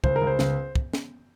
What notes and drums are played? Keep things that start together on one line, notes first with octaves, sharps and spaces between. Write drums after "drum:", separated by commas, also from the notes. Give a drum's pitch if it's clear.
C#2 C5, drum: kick
A#4
C#2
C5
C#2, drum: snare
drum: kick
drum: snare